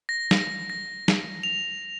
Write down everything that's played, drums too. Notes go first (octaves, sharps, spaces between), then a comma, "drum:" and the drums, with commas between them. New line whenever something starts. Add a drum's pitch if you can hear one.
A#6
drum: snare
A#6
drum: snare
F7